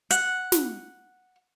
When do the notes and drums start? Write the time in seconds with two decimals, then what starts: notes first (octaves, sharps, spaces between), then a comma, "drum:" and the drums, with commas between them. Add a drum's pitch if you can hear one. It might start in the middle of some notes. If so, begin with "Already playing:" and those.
0.11 F#5, drum: hi-hat
0.52 drum: snare